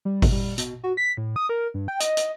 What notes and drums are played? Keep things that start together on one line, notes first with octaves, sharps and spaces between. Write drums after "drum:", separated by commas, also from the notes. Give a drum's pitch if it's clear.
G3
drum: kick G#1, open hi-hat
G3
B2, drum: hi-hat
F#4
B6
A2
D#6
A#4
G2
G5
D#5, drum: hi-hat
drum: hi-hat